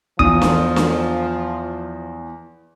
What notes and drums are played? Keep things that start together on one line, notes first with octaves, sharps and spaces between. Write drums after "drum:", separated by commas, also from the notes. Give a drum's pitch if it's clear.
E2 F3 D#6, drum: kick
drum: snare
drum: snare